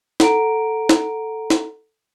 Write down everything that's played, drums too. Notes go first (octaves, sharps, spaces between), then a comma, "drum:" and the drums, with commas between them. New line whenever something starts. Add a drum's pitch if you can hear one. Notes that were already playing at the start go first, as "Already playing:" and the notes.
A4 F#5 A#5 D7, drum: snare
drum: snare
drum: snare